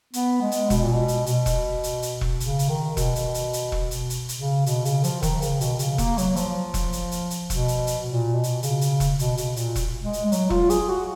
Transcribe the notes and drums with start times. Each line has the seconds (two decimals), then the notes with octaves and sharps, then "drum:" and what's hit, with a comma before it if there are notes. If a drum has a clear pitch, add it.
0.13 B3, drum: hi-hat
0.42 G#3
0.52 drum: hi-hat
0.70 B2, drum: kick E1, hi-hat
0.82 A#2
0.93 B2
1.08 drum: hi-hat
1.26 B2, drum: hi-hat
1.46 drum: kick E1, hi-hat
1.84 drum: hi-hat
2.02 drum: hi-hat
2.21 drum: kick E1
2.40 C#3, drum: hi-hat
2.59 drum: hi-hat
2.69 D#3
2.97 B2, drum: kick E1, hi-hat
3.16 drum: hi-hat
3.34 drum: hi-hat
3.53 drum: hi-hat
3.72 drum: kick E1
3.91 drum: hi-hat
4.10 drum: hi-hat
4.29 drum: hi-hat
4.39 C#3
4.66 B2, drum: hi-hat
4.85 C#3, drum: hi-hat
5.04 F3, drum: hi-hat
5.23 D#3, drum: kick E1, hi-hat
5.42 C#3, drum: hi-hat
5.61 B2, drum: hi-hat
5.79 C#3, drum: hi-hat
5.98 A#3, drum: kick E1, hi-hat
6.18 F#3, drum: hi-hat
6.36 F3, drum: hi-hat
6.74 drum: kick E1, hi-hat
6.93 drum: hi-hat
7.12 drum: hi-hat
7.30 drum: hi-hat
7.50 B2, drum: kick E1, hi-hat
7.68 drum: hi-hat
7.87 drum: hi-hat
8.06 A#2
8.34 B2
8.44 drum: hi-hat
8.63 C#3, drum: hi-hat
8.81 drum: hi-hat
9.00 drum: kick E1, hi-hat
9.19 B2, drum: hi-hat
9.37 B2, drum: hi-hat
9.56 A#2, drum: hi-hat
9.76 drum: kick E1, hi-hat
10.03 G#3
10.13 drum: hi-hat
10.26 G#3
10.32 F#3, drum: hi-hat
10.50 F4, drum: kick E1
10.70 G#4, drum: hi-hat
10.89 F#4